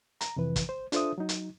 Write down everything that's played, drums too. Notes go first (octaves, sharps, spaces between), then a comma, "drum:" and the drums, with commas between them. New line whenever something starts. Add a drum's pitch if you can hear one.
A#5, drum: hi-hat
F2 C3 E3 B4
drum: kick, hi-hat
C5
D4 F4 A4 C5 E5 D#6, drum: hi-hat
F#3 D#4
drum: hi-hat